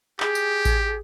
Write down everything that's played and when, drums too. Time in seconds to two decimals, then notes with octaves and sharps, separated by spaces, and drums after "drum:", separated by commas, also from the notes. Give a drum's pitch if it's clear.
0.20 G4 G#4, drum: clap
0.35 drum: tambourine
0.65 drum: kick A1, tambourine